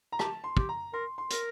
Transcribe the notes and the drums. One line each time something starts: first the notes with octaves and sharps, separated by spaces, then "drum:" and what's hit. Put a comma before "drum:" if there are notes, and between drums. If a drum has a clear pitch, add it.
A#5
G4 A5, drum: rim click
C6
G4, drum: kick
A#5
A#4 C6
C6
A#4, drum: hi-hat